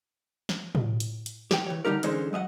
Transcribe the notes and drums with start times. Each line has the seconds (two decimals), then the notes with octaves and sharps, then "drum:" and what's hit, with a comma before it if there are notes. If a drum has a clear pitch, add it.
0.49 drum: snare
0.75 drum: tom A2
1.00 drum: hi-hat
1.26 drum: hi-hat
1.51 G4 G5, drum: snare
1.67 E3 C#5
1.85 D3 G3 D#4 G4 A#4
2.03 D3 E3 G#3 C#4 D#4 C5, drum: hi-hat
2.33 F#3 D#5 E5 F#5